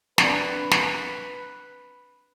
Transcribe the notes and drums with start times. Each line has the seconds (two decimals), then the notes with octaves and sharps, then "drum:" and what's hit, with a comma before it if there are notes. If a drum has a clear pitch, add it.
0.18 C4 D4 B4 D5, drum: snare
0.71 drum: snare